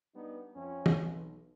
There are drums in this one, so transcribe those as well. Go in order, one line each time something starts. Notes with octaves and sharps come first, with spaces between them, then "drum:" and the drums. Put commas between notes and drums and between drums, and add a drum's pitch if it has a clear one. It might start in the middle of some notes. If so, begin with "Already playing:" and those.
G3 B3 D4 D#4
F2 C#4
drum: tom
B1